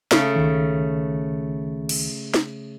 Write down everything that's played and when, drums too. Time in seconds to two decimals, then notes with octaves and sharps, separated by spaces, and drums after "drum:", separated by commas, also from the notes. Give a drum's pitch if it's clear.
0.11 C#3 A3, drum: snare
0.36 C#2 D#3
1.89 drum: cymbal
2.34 drum: snare